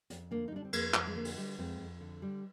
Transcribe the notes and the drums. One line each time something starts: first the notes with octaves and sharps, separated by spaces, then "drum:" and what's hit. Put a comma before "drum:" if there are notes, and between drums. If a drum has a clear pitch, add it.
F2, drum: hi-hat
D3 A#3 D4
D#4
G3 D4
C4
F2 A#3, drum: cymbal
F2, drum: clap
G#3
D3 A#3
drum: open hi-hat
G3
F2 G#3 C4
F2
D3
G3